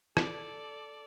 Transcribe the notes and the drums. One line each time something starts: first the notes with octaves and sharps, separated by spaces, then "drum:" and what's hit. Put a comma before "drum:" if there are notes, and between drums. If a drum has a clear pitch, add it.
A4 D5, drum: rim click